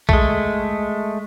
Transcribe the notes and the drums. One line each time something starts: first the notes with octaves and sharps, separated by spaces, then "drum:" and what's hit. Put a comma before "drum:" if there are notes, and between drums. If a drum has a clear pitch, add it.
G#3 A3, drum: kick